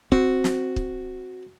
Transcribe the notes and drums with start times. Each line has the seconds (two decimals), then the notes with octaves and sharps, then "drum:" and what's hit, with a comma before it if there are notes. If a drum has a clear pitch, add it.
0.12 C4 F#4, drum: kick
0.44 drum: snare
0.76 drum: kick